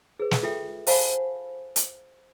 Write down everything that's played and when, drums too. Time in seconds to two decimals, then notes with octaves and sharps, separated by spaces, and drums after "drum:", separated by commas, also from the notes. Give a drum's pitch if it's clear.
0.20 G#4 B4
0.31 drum: snare
0.43 F4 A4 E5 G5
0.87 C5 F5 F#5 G#5 A5 B5, drum: open hi-hat
1.76 drum: hi-hat